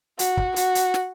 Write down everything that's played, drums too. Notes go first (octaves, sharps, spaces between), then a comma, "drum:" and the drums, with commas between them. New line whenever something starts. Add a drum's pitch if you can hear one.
F#4, drum: hi-hat
drum: kick
F#4, drum: hi-hat
drum: hi-hat
drum: snare